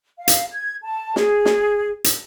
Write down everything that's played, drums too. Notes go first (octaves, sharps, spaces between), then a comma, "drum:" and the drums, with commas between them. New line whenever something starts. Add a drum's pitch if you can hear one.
F5
drum: hi-hat
G#6
A5
G#4, drum: snare
drum: snare
drum: hi-hat